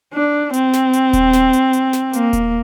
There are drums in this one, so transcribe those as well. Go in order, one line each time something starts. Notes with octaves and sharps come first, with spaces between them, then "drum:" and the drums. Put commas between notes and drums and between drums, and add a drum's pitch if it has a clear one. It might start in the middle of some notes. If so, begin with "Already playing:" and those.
D4
C4, drum: hi-hat
drum: snare
drum: hi-hat
drum: kick D#1, hi-hat
drum: snare
drum: hi-hat
drum: hi-hat
drum: snare
A#3, drum: hi-hat
drum: kick D#1, hi-hat